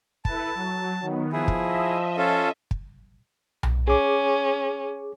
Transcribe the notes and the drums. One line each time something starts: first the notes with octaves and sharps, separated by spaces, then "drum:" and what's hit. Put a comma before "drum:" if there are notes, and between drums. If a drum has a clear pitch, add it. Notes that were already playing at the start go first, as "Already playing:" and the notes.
E4 A4 B4 A5, drum: kick
F#3
D#3 F#3 B3
F3 E4 G#4
drum: kick
D#5 E5
C#4 F4 A4
drum: kick
drum: tom B1
C#4 G#4 D6